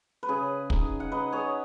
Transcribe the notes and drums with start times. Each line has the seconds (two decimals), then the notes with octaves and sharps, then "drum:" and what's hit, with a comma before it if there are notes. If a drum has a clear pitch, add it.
0.23 B4
0.28 C#3 G#4
0.70 D#4 G#4, drum: kick
1.00 F#5
1.12 D#4 B4 D#5
1.32 G#4 C#5